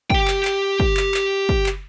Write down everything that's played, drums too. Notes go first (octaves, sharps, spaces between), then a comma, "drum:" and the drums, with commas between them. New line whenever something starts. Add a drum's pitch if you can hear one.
G4 G5, drum: kick
drum: clap
drum: clap
drum: kick
drum: clap
drum: clap
drum: kick
drum: clap